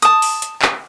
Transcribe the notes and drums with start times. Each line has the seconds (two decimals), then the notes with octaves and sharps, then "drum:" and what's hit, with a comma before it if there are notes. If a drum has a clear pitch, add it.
0.02 A5 D#6, drum: hi-hat
0.22 drum: open hi-hat
0.42 drum: hi-hat
0.62 drum: clap